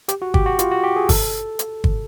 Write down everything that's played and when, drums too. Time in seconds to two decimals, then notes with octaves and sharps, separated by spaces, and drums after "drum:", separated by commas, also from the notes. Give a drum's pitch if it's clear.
0.08 G4, drum: hi-hat
0.22 F#4
0.34 G4, drum: kick
0.46 F#4
0.59 F4, drum: hi-hat
0.71 F#4
0.84 G4
0.96 G#4
1.09 A4, drum: kick, open hi-hat
1.59 drum: hi-hat
1.84 drum: kick